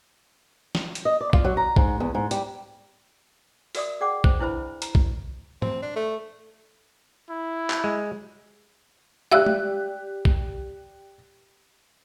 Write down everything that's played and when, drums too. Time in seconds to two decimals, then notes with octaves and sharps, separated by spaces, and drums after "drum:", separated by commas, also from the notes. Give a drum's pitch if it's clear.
0.75 drum: snare
0.95 drum: hi-hat
1.05 D#5
1.21 D5
1.33 F4, drum: kick B1
1.44 F#3
1.57 A#5
1.76 G#2, drum: kick B1
2.00 E2
2.15 G#2
2.31 G3, drum: hi-hat
3.75 F#4 A#4 D5 E5 D#6, drum: open hi-hat
4.01 G#4 D5 F#5 G5 D6
4.24 C5, drum: kick B1
4.40 D4 E4 B4 C5 E5 B5
4.82 A#5, drum: hi-hat
4.95 drum: kick B1
5.62 C4, drum: tom G#2
5.83 D4
5.96 A3
7.30 E4
7.70 drum: clap
7.84 G#3
9.31 G4 D5 E5 F5 E6 F#6
9.46 drum: tom
10.25 drum: kick B1